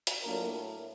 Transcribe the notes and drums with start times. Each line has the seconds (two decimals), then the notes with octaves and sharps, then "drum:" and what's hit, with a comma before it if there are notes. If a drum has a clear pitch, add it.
0.07 drum: hi-hat
0.23 A2 F#3 A#3 D4 F4 A#4